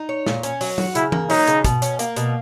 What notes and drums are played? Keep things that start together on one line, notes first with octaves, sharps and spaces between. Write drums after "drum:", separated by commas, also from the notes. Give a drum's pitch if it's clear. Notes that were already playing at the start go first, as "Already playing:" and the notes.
Already playing: D#4
C#5
A#2, drum: snare
C#4, drum: hi-hat
F#3, drum: open hi-hat
F#4, drum: tom F#3
C#3 E4, drum: hi-hat
A#3, drum: tom E3
F#3 D#4, drum: open hi-hat
C#3, drum: hi-hat
B2, drum: kick, hi-hat
C#4, drum: hi-hat
A#3, drum: hi-hat
B2, drum: hi-hat